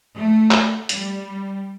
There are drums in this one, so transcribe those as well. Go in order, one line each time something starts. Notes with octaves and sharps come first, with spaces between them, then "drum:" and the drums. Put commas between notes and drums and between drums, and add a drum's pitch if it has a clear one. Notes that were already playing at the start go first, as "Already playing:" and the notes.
A3
drum: clap
G3, drum: hi-hat